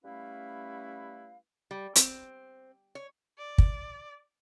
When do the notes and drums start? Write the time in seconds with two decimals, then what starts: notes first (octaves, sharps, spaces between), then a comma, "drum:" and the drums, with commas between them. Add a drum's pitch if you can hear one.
0.05 G3 A3 C#4 E4 B4 F5
1.71 G3
1.95 C4, drum: hi-hat
2.95 C#5
3.38 D5
3.58 drum: kick